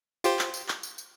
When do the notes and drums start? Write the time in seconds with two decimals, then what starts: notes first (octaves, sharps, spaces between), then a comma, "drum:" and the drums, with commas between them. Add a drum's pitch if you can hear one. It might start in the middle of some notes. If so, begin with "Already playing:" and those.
0.24 F4 G4 C5, drum: tambourine
0.39 drum: clap
0.54 drum: tambourine
0.69 drum: clap
0.83 drum: tambourine
0.98 drum: tambourine